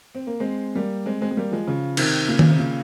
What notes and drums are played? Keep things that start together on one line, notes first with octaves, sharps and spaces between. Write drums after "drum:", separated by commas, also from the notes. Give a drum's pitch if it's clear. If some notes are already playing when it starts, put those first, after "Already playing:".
C4
A#3
G#3 C4
G3 A#3
G#3 C4
G#3 C4
G#3
G3 A#3
F3 G#3
C#3 F3
C3 D#3, drum: cymbal
A#2 C#3
A#2, drum: tom D#3
C3
A#2 C#3